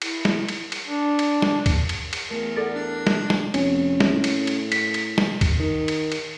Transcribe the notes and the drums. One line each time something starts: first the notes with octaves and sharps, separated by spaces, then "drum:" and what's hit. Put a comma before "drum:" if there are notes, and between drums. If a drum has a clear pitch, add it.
E4, drum: cymbal
drum: snare
drum: cymbal
drum: cymbal
D4
drum: cymbal
drum: snare
drum: kick D2, cymbal
drum: cymbal
drum: cymbal
E2 A3 A#4
A4 D5 F#5 A6
D4
drum: snare
drum: snare
F1 C#4, drum: cymbal
drum: snare
A2
drum: cymbal
drum: cymbal
B6, drum: cymbal
drum: cymbal
drum: snare
drum: kick D2, cymbal
D#3
drum: cymbal
drum: cymbal